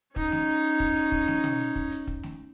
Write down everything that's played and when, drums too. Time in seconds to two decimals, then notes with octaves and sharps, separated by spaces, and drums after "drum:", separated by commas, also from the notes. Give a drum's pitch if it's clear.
0.16 C#4 D#4, drum: kick
0.32 drum: snare
0.80 drum: kick
0.96 drum: hi-hat
1.12 drum: kick
1.28 drum: snare
1.44 drum: tom B2
1.60 drum: hi-hat
1.76 drum: kick
1.91 drum: hi-hat
2.07 drum: kick
2.23 drum: snare